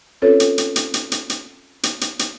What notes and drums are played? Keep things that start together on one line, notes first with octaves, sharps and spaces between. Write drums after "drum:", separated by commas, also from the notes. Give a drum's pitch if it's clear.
C4 C#4 F4 A4 B4 C#5
drum: hi-hat
drum: hi-hat
drum: hi-hat
drum: hi-hat
drum: hi-hat
drum: hi-hat
drum: hi-hat
drum: hi-hat
drum: hi-hat